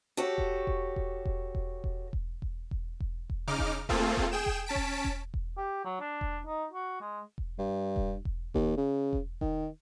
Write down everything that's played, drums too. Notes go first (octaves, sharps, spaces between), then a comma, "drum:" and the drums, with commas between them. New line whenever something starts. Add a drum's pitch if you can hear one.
F#4 G4 A4 C#5
drum: kick E1
drum: kick E1
drum: kick E1
drum: kick E1
drum: kick E1
drum: kick E1
drum: kick E1
drum: kick E1
drum: kick E1
drum: kick E1
drum: kick E1
C#3 D#4 D6 F6
drum: kick E1
A3 A#3 C4 F4 G#4 A4, drum: kick E1
drum: kick E1
G#4 G5 E7
drum: kick E1
C#4 A5 B6 D7
drum: kick E1
drum: kick E1
drum: kick E1
G4
F#3
D4
drum: kick E1
D#4
F#4
G#3
drum: kick E1
G2
drum: kick E1
drum: kick E1
D#2, drum: kick E1
C#3
drum: kick E1
D#3, drum: kick E1